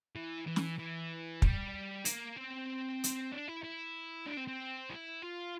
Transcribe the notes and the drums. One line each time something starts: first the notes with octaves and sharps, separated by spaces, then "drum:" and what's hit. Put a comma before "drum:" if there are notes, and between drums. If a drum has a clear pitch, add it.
E3
E3
drum: snare
E3
G3, drum: kick
A#3, drum: hi-hat
C4
drum: hi-hat
D4
E4
E4
D4
C4
C4
E4
F4